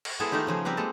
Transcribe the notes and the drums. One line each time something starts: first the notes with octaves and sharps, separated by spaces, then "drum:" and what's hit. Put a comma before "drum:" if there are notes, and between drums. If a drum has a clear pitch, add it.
drum: cymbal
G#3 B3 E4 G#4 A4
D#3 A3 D#4 F4 G4
C#3 F3 G#4
G3 C4 G4 A#4 B4
G#3 A#3 A4 A5